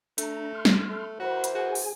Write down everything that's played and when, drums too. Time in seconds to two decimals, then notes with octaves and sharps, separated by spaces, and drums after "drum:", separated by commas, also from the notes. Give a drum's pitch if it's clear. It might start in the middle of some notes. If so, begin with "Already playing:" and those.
0.18 A3 D4 A#5, drum: hi-hat
0.54 C6 F6
0.65 drum: snare
0.89 A3
1.20 E3 F#4 A#4 C5 B5
1.44 drum: hi-hat
1.55 F#4 G#4 G#5
1.75 drum: open hi-hat